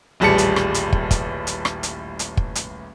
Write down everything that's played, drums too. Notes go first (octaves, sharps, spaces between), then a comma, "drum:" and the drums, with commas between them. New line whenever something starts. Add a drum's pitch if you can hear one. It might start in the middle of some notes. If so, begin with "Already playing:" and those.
D#1 A1 G3 G#4 A5 C#7
drum: hi-hat
drum: rim click
drum: hi-hat
drum: kick
drum: kick, hi-hat
drum: hi-hat
drum: rim click
drum: hi-hat
drum: hi-hat
drum: kick
drum: hi-hat